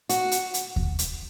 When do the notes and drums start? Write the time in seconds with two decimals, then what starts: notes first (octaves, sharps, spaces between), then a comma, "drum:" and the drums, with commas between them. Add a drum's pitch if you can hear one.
0.09 F#4, drum: hi-hat
0.31 drum: hi-hat
0.54 drum: hi-hat
0.76 drum: kick D#2
0.99 drum: hi-hat